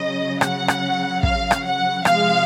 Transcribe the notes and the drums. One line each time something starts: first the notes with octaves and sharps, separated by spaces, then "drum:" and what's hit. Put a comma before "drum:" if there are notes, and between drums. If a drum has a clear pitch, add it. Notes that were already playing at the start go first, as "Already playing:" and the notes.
Already playing: C#3 F#3 D#5
F#5, drum: rim click
drum: rim click
F5, drum: kick
drum: rim click
F#5
C3 F3 G#3 F5, drum: rim click